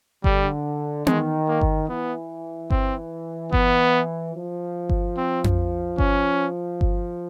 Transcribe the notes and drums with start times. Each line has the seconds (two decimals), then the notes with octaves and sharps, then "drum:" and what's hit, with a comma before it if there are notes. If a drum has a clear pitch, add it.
0.24 D3 G3, drum: kick G1
1.07 D#3 G#3, drum: tom B3
1.48 A#3
1.61 drum: kick G1
1.88 E3 B3
2.70 C4, drum: kick G1
3.53 E3 B3, drum: kick G1
4.34 F3
4.89 drum: kick G1
5.17 C4
5.44 drum: tom F2
5.98 C#4, drum: kick G1
6.81 drum: kick G1